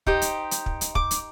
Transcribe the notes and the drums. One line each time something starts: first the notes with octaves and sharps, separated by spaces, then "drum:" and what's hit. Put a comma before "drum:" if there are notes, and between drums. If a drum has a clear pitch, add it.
D#4 G4 C5 D#5, drum: kick
drum: hi-hat
drum: hi-hat
drum: kick
drum: hi-hat
D6, drum: kick
drum: hi-hat